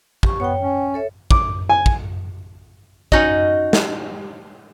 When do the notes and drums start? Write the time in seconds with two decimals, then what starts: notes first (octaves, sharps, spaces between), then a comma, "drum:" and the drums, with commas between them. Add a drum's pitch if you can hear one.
0.23 G4 C#6, drum: kick
0.40 B3 C#5 G5
0.59 C#4
0.94 A4 C#5 E5
1.31 D6, drum: kick
1.69 G#5
1.86 drum: kick
3.12 C#4 D#4 F#4 D#5, drum: kick
3.73 drum: snare